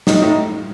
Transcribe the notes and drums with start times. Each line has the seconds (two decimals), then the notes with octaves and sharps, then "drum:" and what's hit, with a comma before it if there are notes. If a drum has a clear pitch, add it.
0.07 A2 D#4, drum: snare
0.22 A2 D#4